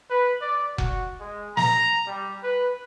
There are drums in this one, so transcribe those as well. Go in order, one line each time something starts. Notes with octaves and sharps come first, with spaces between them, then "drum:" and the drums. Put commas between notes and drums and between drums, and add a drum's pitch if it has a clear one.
B4
D5
F#4, drum: kick F1
G#3
A#5, drum: snare
G3
B4